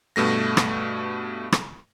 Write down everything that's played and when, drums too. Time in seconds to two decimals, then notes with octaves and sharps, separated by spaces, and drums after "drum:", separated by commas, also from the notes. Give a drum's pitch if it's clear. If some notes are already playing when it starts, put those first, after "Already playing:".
0.16 G2 B2 A3 A#6
0.57 drum: rim click
1.52 drum: rim click